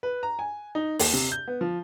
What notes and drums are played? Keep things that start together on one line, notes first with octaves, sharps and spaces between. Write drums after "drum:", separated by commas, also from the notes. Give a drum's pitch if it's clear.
B4
A#5
G#5
D#4
D#2, drum: open hi-hat
C3
G6
B3
F3